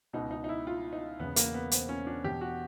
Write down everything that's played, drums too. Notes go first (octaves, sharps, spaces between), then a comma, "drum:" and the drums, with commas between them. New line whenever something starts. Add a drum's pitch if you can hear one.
C#2 B2 D#4
D#4
D#4
E4
F4
D#4
E1 E2 C#3 B3
A#3, drum: hi-hat
B3
C4, drum: hi-hat
C#4
D4
E2 B2 G4
F#4